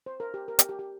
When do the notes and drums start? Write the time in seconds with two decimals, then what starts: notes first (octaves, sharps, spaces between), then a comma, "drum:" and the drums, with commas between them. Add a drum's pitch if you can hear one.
0.06 C5
0.20 A#4
0.34 G4
0.48 A#4
0.59 G4, drum: hi-hat
0.69 G4
0.79 G4